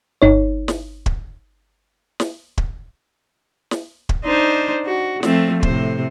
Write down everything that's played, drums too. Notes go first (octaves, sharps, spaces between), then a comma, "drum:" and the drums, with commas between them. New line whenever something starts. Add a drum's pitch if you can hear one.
G1 D#4 C#5
drum: snare
drum: kick
drum: snare
drum: kick
drum: snare
drum: kick
D4 D#4 C5
F#4
F3 A3 C4, drum: snare
A2 C3 C5, drum: kick